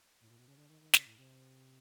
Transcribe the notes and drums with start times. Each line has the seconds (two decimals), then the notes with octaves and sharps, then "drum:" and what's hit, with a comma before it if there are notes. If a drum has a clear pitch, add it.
0.21 A2
0.30 A#2
0.39 B2
0.48 C#3
0.57 D3
0.69 D#3
0.81 D#3
0.94 C#3, drum: snare
1.06 A2
1.18 C3